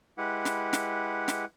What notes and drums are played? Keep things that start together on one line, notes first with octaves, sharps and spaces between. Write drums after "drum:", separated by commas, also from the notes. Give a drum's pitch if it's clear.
G#3 E4 G4 B4 F#5
drum: snare
drum: snare
drum: snare